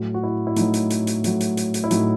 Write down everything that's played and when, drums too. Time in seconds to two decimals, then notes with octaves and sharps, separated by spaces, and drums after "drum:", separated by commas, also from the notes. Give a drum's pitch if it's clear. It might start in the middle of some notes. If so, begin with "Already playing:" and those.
Already playing: A2 F#3
0.14 F#4
0.23 E4
0.47 E4
0.56 A2 F#3 D#4, drum: hi-hat
0.74 drum: hi-hat
0.90 drum: hi-hat
1.07 drum: hi-hat
1.24 A2 F#3, drum: hi-hat
1.41 drum: hi-hat
1.57 drum: hi-hat
1.74 drum: hi-hat
1.84 E4
1.91 A2 F#3 D#4, drum: hi-hat